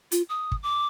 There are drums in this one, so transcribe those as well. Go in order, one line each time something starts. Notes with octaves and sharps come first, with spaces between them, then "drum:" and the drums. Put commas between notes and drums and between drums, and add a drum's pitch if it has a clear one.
F4, drum: hi-hat
D#6
drum: kick
D6